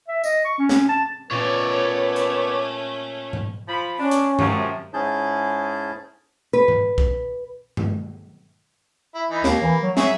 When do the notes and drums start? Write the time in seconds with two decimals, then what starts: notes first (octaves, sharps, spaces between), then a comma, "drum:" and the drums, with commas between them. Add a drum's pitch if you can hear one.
0.08 E5
0.24 D#5, drum: tambourine
0.45 C#6
0.59 C#4
0.69 drum: snare
0.89 A5
1.31 A#2 A3 B3 C#4 C#5 D5
2.16 drum: hi-hat
3.33 drum: tom G#2
3.68 F3 B5
3.99 C#4 D4
4.11 drum: hi-hat
4.39 F#2 C3 F3, drum: tom G2
4.93 G#2 C#4 E4 G#4 A5 G6
6.53 B4
6.68 drum: tom G#2
6.98 drum: kick
7.77 drum: tom G2
9.15 E4
9.31 E3 D#4
9.44 D#2 A#3, drum: snare
9.62 E3
9.83 F#3
9.97 F#3 F#4 G#4 E5, drum: snare